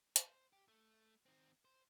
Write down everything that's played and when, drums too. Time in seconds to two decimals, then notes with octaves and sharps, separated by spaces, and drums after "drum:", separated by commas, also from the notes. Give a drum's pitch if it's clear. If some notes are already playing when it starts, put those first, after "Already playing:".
0.16 C5, drum: hi-hat
0.53 G4
0.68 A3
1.26 D#3 C4
1.65 C5